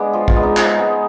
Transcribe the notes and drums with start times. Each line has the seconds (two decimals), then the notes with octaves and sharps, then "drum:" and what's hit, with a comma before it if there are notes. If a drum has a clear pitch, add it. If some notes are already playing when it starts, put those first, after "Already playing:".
Already playing: G#3 B3 D4
0.13 F3 F4
0.28 F4, drum: kick
0.35 G#3 B3 D4
0.43 D#4
0.57 F3 D#4, drum: clap
0.79 G#3 B3